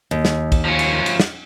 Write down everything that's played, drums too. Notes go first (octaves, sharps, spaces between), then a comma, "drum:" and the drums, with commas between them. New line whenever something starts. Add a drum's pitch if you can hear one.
D#2
drum: snare
drum: kick, cymbal
F3 C#4
drum: cymbal
drum: cymbal
drum: snare